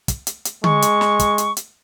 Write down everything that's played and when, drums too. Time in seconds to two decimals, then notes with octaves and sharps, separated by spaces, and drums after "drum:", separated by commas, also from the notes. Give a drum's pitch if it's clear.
0.08 drum: kick, hi-hat
0.27 drum: hi-hat
0.45 drum: hi-hat
0.64 G#3 C#6, drum: tom D3
0.82 drum: hi-hat
1.01 drum: snare
1.19 drum: kick, hi-hat
1.38 drum: hi-hat
1.57 drum: hi-hat